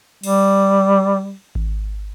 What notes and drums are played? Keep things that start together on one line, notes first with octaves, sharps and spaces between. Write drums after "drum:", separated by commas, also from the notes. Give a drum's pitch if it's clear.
G3, drum: cymbal
drum: kick G#1